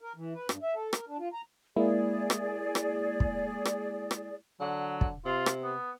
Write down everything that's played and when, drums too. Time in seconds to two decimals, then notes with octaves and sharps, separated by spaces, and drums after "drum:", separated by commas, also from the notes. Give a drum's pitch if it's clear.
0.01 A#4
0.16 E3
0.35 B4
0.49 G2, drum: rim click
0.63 E5
0.75 A4
0.93 A#4, drum: rim click
1.08 D4
1.19 F4
1.33 A#5
1.76 G#3 A#3 E4 G#4 D5
2.30 drum: rim click
2.75 drum: rim click
3.20 drum: kick
3.65 drum: rim click
4.11 drum: rim click
4.60 D3 F#3
5.01 drum: kick
5.25 C3 F4
5.46 drum: rim click
5.63 B3